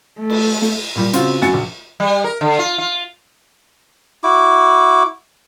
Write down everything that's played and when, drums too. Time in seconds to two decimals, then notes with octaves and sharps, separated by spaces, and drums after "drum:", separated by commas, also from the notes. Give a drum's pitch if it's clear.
0.20 A3
0.30 drum: cymbal
0.62 drum: snare
0.96 A#2 G3
1.13 C#3 C4 F4 F#4, drum: hi-hat
1.42 F#2 F#4 G#5 A6 C#7, drum: snare
1.53 A#1
2.00 G3
2.24 A#4
2.41 D3
2.59 F4
2.78 F4
4.23 E4 F#4 D6